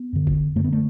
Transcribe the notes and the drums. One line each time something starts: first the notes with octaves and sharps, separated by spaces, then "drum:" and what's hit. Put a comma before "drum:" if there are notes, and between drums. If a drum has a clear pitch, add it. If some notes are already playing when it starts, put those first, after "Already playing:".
Already playing: B3
F#2 D3
drum: kick G1
F#2 D3 A3
B3
A3